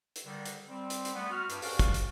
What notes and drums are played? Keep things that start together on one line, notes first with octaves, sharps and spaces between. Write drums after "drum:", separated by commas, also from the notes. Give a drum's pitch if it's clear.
drum: hi-hat
D3 D#3 G3
drum: hi-hat
G3 C4
drum: hi-hat
drum: hi-hat
G3 A3 B3
F#4 F6
G2, drum: hi-hat
C#4 F#4 G4 A4 D5 F5, drum: open hi-hat
drum: kick, hi-hat
drum: hi-hat